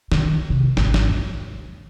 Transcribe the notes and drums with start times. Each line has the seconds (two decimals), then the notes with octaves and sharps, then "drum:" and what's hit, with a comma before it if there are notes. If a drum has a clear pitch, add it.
0.12 D#3, drum: snare
0.50 C3
0.77 G#1 G#2, drum: snare
0.94 drum: snare
1.09 D#2